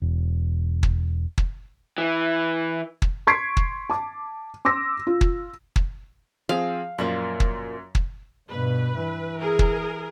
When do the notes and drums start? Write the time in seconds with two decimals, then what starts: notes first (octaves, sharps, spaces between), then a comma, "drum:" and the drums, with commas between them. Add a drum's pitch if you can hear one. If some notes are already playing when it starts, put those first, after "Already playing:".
0.02 E1
0.83 drum: kick
1.38 drum: kick
1.98 E3
3.02 drum: kick
3.27 C6 C#6 G#6 B6 C7 D7
3.57 drum: kick
3.90 A5 D6
4.65 C6 D6 E6 A#6
5.07 F4
5.21 drum: kick
5.76 drum: kick
6.49 F3 C4 G#4 F5
6.98 F#2 A#2 F3 A#3
7.40 drum: kick
7.95 drum: kick
8.50 G2 B2 B4
8.99 E3
9.40 G#4 A#4
9.59 drum: kick